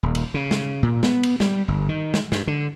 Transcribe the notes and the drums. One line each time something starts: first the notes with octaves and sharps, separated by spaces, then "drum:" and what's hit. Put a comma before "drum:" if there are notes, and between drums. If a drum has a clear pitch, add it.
D#1
drum: cymbal
C#3
drum: snare
A#2
B3, drum: snare
drum: cymbal
G3, drum: snare
G1
D#3
drum: snare
G2, drum: snare
D3